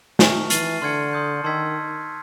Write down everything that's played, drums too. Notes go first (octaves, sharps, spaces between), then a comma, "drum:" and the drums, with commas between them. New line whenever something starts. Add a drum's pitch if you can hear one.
D#3 A5 C#6 F6, drum: snare
E3 F6 A6 C7 D#7, drum: hi-hat
D3 C6 F6 G#6 C#7
C6 D#6 G6
D#3 A5 C6 E6 G#6 B6